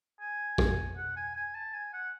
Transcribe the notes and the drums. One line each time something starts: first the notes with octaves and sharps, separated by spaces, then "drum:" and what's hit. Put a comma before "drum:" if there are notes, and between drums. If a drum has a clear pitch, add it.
G#5
drum: kick A1
F#5
G#5
G#5
A5
G#5
F#5